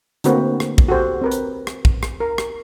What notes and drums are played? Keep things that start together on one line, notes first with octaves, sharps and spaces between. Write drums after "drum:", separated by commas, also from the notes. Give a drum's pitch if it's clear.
D3 A3 A#3 C4 F#4 B4, drum: hi-hat
drum: rim click
drum: kick
F#4 G4 A4 C5
C4 A#4 B4
drum: hi-hat
drum: rim click
drum: kick
drum: rim click
A#4
drum: rim click